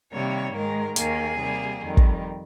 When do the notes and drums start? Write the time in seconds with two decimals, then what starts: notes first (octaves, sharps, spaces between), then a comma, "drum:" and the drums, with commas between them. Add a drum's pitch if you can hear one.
0.12 C3 D#3 G3 A#3 C#5
0.54 G#2 D#3 G#3 A#4
0.96 D#2 D#3 A#3 G#4, drum: hi-hat
1.38 C3 G3 A#3
1.81 F2 D#3 G3
1.97 drum: kick